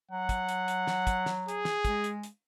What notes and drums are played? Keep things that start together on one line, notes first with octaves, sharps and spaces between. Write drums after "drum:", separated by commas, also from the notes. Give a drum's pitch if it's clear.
F#3 F#5
drum: kick, hi-hat
drum: hi-hat
drum: hi-hat
drum: snare
drum: kick, hi-hat
drum: snare
G#4, drum: hi-hat
drum: snare
G#3, drum: kick, hi-hat
drum: hi-hat
drum: hi-hat